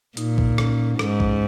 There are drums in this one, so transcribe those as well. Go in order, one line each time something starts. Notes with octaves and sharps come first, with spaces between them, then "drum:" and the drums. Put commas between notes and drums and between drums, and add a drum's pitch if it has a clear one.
A#2 D#4, drum: hi-hat
drum: kick
C#4, drum: rim click
G#2, drum: rim click
drum: kick